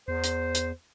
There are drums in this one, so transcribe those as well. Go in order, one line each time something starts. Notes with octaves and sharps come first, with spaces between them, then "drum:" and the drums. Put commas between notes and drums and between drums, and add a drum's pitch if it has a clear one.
E2 C5
drum: hi-hat
drum: hi-hat